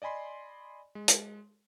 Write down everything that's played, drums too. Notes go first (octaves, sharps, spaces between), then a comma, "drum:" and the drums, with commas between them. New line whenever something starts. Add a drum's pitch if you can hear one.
D5 D#5 G#5 B5 C6
G#3
drum: hi-hat